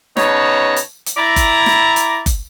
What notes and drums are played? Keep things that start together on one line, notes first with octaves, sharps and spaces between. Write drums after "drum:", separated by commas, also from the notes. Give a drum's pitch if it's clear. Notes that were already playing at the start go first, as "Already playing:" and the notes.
C#3 B3 D#4 C#5 A5 A#5, drum: snare
drum: hi-hat
drum: hi-hat
E4 D5 A#5
drum: kick F#1, hi-hat
drum: snare
drum: hi-hat
drum: kick F#1, hi-hat